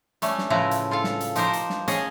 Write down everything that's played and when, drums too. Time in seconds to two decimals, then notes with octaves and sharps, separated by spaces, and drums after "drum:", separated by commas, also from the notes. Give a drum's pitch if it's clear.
0.22 G3 A3 C#4, drum: hi-hat
0.38 drum: snare
0.50 A2 C#3 F3 E4 B4 A#5
0.71 drum: hi-hat
0.91 F4 A4 F5
1.04 drum: snare
1.20 drum: hi-hat
1.35 F3 D#4 G4 A#4 C5, drum: hi-hat
1.53 drum: hi-hat
1.70 drum: snare
1.88 C#4 G#4 C#5 D#5, drum: hi-hat